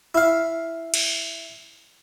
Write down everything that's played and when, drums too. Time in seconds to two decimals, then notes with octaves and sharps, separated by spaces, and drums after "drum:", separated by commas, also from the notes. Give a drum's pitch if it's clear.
0.15 E4 F5
0.94 drum: cymbal